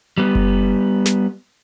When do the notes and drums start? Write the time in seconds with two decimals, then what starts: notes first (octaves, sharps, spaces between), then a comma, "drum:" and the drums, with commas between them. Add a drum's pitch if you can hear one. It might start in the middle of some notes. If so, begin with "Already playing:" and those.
0.18 G3 B3
0.35 drum: kick F#1
1.06 drum: snare